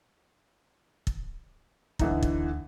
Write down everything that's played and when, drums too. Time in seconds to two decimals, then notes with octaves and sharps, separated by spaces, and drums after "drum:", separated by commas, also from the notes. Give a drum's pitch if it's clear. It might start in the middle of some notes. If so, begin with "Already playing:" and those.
1.07 drum: kick
1.99 D2 D3 E3 D#4, drum: kick
2.23 drum: kick